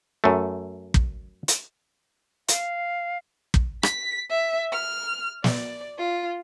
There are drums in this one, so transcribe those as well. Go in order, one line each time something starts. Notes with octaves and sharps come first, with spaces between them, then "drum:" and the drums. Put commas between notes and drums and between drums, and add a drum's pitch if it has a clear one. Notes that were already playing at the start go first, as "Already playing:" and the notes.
F#2 A3
drum: kick
drum: hi-hat
F5, drum: hi-hat
drum: kick
B6, drum: rim click
E5
F6
D5, drum: snare
F4